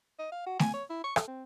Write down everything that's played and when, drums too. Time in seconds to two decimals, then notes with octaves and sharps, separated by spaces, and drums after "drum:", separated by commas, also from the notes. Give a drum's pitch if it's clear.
0.19 D#5
0.32 F5
0.47 F#4
0.59 G#5, drum: snare A3
0.74 C#5
0.90 E4
1.04 C#6
1.16 A4, drum: rim click
1.28 C4